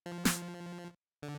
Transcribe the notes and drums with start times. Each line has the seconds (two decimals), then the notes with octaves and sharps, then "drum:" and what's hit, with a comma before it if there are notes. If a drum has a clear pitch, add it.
0.06 F3
0.25 drum: snare
1.22 D3